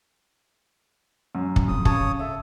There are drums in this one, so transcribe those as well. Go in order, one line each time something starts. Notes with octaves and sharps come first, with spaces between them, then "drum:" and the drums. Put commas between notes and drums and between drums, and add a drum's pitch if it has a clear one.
F#2
drum: kick
F2 D#6
C#3 C#5 A5 D#6, drum: kick
A4 E5